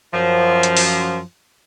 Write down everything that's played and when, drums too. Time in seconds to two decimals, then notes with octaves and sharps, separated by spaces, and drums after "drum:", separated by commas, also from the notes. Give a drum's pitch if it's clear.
0.14 F#2 F3
0.63 drum: hi-hat
0.77 drum: open hi-hat